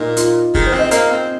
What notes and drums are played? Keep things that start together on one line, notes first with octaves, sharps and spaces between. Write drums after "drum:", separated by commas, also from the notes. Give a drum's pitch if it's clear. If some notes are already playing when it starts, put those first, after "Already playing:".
Already playing: A#2 D#4
F4, drum: hi-hat
D#3 G#4, drum: kick
C5
C4
D#5
A#3 D#5, drum: hi-hat
C4